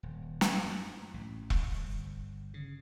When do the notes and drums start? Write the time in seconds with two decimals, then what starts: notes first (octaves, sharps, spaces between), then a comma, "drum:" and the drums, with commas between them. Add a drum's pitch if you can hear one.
0.03 D#1
0.41 drum: snare
0.64 F#2
1.14 A1
1.50 drum: kick E1
1.71 G1
2.54 C#3